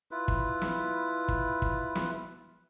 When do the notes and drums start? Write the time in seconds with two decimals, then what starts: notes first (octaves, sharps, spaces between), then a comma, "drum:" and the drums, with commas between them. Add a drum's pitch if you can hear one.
0.11 E4 F4 B4
0.28 drum: kick
0.62 drum: snare
1.28 drum: kick
1.62 drum: kick
1.95 drum: snare